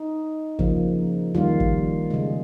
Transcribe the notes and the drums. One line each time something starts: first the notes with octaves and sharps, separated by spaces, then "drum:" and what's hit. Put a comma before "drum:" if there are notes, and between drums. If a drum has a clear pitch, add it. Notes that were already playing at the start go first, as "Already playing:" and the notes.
Already playing: D#4
C#3 F3 A#3, drum: kick
D#3 G3 A#3 F4
drum: kick
C#3 G#3